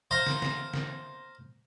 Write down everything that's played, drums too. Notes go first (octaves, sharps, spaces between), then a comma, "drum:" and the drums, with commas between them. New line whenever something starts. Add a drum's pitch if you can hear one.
C5 F5 A#5
drum: snare
drum: snare
drum: snare